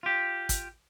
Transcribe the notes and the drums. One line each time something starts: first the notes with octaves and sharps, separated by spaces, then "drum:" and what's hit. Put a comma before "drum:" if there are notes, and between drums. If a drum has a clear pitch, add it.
F4 G4
drum: kick, hi-hat